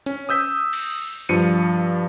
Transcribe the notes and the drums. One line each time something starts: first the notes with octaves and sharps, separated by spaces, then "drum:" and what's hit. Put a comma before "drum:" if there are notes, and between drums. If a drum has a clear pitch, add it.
C#4, drum: cymbal
D#6 E6 G6 B6
drum: cymbal
G2 F3 C#7 D#7